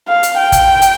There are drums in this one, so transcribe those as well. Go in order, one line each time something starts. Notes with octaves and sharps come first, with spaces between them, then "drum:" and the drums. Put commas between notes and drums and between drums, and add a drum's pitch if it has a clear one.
F5
drum: hi-hat
G5
drum: kick, hi-hat
drum: hi-hat